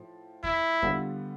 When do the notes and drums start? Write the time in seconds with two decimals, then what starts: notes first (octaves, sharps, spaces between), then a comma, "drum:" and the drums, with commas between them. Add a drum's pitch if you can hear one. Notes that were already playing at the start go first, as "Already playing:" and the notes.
Already playing: A2 F3
0.44 E4, drum: kick E2
0.82 D3 G3 B3 F4 A4, drum: kick E2